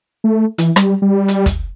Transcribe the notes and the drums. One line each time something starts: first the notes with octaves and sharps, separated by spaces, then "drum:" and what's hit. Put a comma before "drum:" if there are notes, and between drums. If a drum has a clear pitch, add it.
A3
E3, drum: hi-hat
G3, drum: rim click
G3
drum: hi-hat
drum: kick, hi-hat